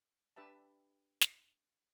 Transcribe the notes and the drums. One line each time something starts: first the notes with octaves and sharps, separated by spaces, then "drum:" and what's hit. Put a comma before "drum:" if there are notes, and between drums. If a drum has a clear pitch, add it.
D4 G4 B4 E5 A5
drum: snare